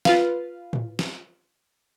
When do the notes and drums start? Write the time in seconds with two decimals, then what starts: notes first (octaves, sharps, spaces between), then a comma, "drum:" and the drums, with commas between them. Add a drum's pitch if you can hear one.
0.05 F4 B4 F5, drum: snare
0.73 drum: tom A2
0.99 drum: snare